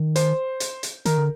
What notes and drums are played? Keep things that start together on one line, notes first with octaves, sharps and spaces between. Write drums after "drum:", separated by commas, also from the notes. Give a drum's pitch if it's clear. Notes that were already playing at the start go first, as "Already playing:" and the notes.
Already playing: D#3
C5, drum: hi-hat
drum: hi-hat
drum: hi-hat
D#3 A#4, drum: hi-hat
D3